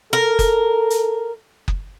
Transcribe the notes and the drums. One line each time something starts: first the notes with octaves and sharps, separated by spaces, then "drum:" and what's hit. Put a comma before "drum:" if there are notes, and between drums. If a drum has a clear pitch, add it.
A4 A#4
drum: kick F#1, hi-hat
drum: hi-hat
drum: kick F#1